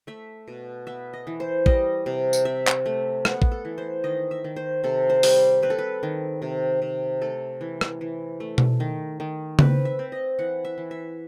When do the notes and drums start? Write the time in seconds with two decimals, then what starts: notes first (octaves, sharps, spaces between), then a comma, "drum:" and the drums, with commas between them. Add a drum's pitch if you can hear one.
0.07 A3 E5
0.48 B2
0.87 B3 E5
1.13 D#5
1.27 E3
1.40 C5
1.66 G3 D#5, drum: kick A1
2.06 C3
2.33 drum: tambourine
2.45 C4 E5
2.67 drum: clap
2.86 A3
3.25 B3 F#5, drum: rim click
3.42 drum: kick A1
3.52 A4
3.65 E3
3.78 C5
4.04 D#3 D#5
4.31 E5
4.44 D#3
4.56 C5
4.84 C3 A4
5.10 C5
5.23 G3, drum: open hi-hat
5.62 C4 B4
5.70 A4
5.78 B4
6.03 D#3
6.42 C3
6.82 C3
7.21 A3 A4
7.61 E3
7.81 drum: rim click
8.01 E3
8.40 A3
8.58 drum: tom B2
8.80 D#3
9.20 D#3
9.59 C4 B4, drum: tom C#3
9.85 E5
9.99 C4
10.12 D#5
10.39 E3 F#5
10.65 E5
10.78 E3
10.91 E5